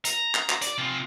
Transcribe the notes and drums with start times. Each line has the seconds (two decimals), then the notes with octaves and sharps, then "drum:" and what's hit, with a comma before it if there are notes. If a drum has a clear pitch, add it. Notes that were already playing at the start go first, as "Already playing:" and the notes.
0.05 A#5, drum: hi-hat
0.35 drum: clap
0.49 drum: clap
0.62 D5, drum: hi-hat
0.78 C3 F4